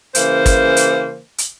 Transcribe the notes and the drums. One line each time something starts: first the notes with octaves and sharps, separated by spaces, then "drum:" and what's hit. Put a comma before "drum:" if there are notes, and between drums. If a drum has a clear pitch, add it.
C#3 E3 A#3 C5, drum: hi-hat
drum: kick, hi-hat
drum: hi-hat
drum: hi-hat